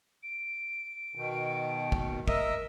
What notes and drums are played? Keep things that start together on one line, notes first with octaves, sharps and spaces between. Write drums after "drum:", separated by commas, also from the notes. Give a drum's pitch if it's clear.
D7
B2 D#3
drum: kick
A#4 D#5 E5 E6, drum: kick